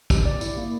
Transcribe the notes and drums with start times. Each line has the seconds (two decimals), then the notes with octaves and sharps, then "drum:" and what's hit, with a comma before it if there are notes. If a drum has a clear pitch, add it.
0.10 G4, drum: kick, tambourine
0.26 D5
0.41 E4, drum: tambourine
0.57 A#3